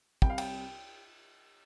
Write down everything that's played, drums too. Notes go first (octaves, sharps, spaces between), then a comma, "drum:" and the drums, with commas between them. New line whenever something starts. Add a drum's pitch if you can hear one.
C2 G5, drum: kick
F5
G5, drum: cymbal